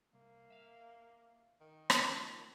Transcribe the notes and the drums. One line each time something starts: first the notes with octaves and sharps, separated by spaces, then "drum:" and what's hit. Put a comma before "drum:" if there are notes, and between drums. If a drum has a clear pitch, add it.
C2 A#3
E5 F5
D#3
A3 D#4 F4, drum: rim click